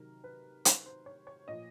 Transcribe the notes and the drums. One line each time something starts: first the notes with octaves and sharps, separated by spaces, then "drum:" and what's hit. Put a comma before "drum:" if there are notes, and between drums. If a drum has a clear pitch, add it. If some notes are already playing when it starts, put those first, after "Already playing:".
Already playing: C3 D#3 F#3 A#4
B4
C5, drum: hi-hat
C5
C#5
C#5
A#2 F3 D#5